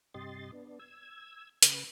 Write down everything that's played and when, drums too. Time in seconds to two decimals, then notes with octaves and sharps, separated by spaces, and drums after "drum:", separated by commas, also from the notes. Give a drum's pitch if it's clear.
0.14 G2 C3 G4 D#5 C6 A6
0.52 B3 D4
0.80 E6 G#6
1.62 C#3 B4, drum: hi-hat